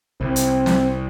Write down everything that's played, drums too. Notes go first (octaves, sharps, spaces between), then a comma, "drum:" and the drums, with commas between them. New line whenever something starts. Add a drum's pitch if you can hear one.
C2 C4
drum: hi-hat
drum: snare